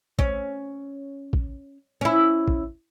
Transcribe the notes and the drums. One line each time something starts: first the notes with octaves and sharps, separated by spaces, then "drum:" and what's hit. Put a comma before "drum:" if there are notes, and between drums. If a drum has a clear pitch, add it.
C#4, drum: kick
drum: kick
C#4 E4
drum: kick